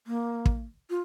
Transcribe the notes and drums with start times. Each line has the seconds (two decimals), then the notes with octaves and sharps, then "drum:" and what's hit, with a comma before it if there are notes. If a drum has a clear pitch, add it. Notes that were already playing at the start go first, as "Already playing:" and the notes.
0.07 A#3
0.46 drum: kick
0.90 F4